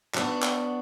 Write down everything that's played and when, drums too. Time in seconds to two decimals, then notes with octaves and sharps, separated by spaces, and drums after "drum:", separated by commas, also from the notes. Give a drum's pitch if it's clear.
0.15 B3 D4 F#4, drum: clap
0.43 drum: clap